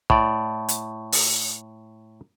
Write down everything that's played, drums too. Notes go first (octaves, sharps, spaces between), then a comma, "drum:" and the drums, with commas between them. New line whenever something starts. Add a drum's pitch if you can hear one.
A2 D5, drum: kick
drum: hi-hat
drum: open hi-hat